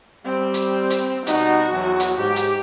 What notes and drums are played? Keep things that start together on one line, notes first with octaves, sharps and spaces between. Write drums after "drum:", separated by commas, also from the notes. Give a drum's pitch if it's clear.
G3 C4
drum: hi-hat
drum: hi-hat
B2 G3 D#4 F#4, drum: hi-hat
E2 F#3
drum: hi-hat
G#2 G4
drum: hi-hat